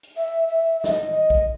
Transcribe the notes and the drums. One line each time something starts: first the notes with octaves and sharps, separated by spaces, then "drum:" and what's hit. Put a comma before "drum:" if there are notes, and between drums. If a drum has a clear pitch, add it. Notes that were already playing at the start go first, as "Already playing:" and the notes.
drum: hi-hat
E5
E5
E5
D#5, drum: snare
D#5
drum: kick A#1